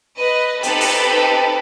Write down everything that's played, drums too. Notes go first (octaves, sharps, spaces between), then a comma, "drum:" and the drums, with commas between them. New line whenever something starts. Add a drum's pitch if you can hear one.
B4 D#5
C4 D#4 G4 A4 B4 B5, drum: hi-hat
drum: open hi-hat